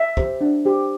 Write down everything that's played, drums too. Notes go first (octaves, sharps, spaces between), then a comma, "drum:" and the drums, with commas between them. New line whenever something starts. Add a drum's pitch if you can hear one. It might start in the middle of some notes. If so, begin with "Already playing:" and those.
Already playing: E5
G4 C5, drum: kick B1
D4
G4 C5